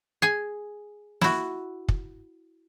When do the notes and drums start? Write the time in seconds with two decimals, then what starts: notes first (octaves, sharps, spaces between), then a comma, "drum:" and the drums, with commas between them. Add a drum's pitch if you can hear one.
0.22 G#4 G#5
1.21 E4 F#4, drum: snare
1.89 drum: kick